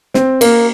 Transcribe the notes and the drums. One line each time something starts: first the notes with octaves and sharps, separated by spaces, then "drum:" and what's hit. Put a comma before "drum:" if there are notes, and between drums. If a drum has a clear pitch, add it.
C4, drum: snare
A#3, drum: cymbal